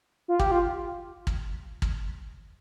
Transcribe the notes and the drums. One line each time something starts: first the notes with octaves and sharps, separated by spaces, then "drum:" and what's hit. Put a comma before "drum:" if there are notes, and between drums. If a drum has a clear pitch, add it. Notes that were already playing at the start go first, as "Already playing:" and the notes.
F4
G4, drum: kick
F4
drum: kick
drum: kick